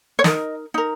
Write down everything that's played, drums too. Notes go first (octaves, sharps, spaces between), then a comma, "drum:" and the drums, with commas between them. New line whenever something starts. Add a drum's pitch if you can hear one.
C#5
D#4 A#4 D#5, drum: snare
D#4 A#4